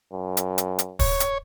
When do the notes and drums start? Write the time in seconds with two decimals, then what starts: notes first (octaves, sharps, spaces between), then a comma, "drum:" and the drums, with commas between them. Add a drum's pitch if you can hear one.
0.13 F#2
0.37 drum: hi-hat
0.58 drum: hi-hat
0.79 drum: hi-hat
0.99 C#5, drum: kick, open hi-hat
1.20 drum: hi-hat